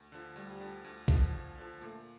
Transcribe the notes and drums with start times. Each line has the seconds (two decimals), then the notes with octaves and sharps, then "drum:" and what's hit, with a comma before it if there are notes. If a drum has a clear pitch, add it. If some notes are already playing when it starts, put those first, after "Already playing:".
Already playing: D2
0.12 D3 F3
0.36 D2 G3
0.60 D3 F3
0.84 D2
1.08 D3 F3, drum: kick A#1
1.33 D2
1.58 D3 F3
1.81 A#2 A3